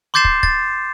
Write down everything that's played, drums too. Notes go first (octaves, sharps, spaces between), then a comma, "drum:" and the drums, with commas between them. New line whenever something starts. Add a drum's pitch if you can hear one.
C6 D6 G6 A6 C7 E7
drum: kick
A6, drum: kick